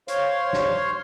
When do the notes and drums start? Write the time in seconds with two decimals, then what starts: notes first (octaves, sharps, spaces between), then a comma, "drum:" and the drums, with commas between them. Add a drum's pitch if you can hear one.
0.08 C5 C#5 F5 C6, drum: hi-hat
0.53 drum: snare